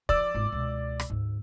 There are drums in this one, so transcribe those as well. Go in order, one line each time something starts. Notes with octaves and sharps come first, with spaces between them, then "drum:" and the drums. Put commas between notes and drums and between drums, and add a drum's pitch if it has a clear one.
F3 D5 D6 E6, drum: kick
G#1 F4
C#2 B2
drum: rim click
D2 G#2